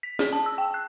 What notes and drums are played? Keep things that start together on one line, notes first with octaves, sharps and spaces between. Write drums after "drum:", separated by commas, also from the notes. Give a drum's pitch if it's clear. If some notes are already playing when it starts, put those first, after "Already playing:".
B6
G#4, drum: snare
A5
E6
G5
F#6